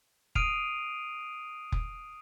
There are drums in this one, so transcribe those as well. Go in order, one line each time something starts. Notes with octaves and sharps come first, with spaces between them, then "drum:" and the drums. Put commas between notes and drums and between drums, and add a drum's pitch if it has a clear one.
D#6 F6 C7 D7 D#7 F7, drum: kick F1
drum: kick F1